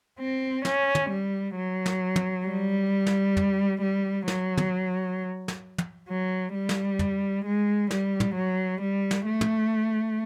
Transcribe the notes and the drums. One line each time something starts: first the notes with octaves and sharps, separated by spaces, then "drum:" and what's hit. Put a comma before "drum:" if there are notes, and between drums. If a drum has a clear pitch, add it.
C4
C#4, drum: snare
drum: tom
G3
F#3
drum: snare
drum: tom
G3
drum: snare
drum: tom
G3
F#3, drum: snare
drum: tom
drum: snare
drum: tom
F#3
G3
drum: snare
drum: tom
G#3
G3, drum: snare
drum: tom
F#3
G3
drum: snare
A3
drum: tom